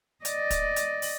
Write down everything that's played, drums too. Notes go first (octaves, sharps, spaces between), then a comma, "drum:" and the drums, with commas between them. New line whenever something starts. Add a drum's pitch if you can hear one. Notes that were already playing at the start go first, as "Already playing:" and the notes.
D5 D#5, drum: hi-hat
drum: kick, hi-hat
drum: hi-hat
drum: open hi-hat